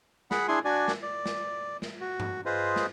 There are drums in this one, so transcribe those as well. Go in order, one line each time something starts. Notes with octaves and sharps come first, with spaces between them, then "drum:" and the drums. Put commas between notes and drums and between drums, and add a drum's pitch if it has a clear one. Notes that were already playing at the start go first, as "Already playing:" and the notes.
G#4 F#5 B5, drum: snare
D4 E4 G#4 G#5 C6
D4 F#4 D5 G#5
drum: snare
D5
drum: snare
drum: snare
F#4
drum: tom G2
F4 G#4 B4 C5 D#5
drum: snare